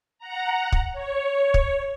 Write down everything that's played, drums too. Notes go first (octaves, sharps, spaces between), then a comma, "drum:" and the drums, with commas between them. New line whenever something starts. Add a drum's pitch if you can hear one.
F#5 A#5
drum: kick
C#5
drum: kick